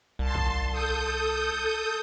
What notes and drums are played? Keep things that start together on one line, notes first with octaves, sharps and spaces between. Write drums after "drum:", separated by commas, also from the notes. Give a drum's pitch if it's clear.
C2 A5 C6
drum: kick
A4 D#6 G6